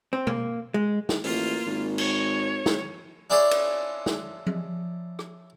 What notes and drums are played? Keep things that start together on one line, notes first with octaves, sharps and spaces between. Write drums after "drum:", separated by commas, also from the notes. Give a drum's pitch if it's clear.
C4
A#3, drum: tom B2
G#3
drum: snare
A1 A#3 F4, drum: open hi-hat
G#1
C#5, drum: cymbal
drum: snare
D4 E4 G#4 C#5 D5 C6
drum: cymbal
drum: snare
drum: tom F3
drum: rim click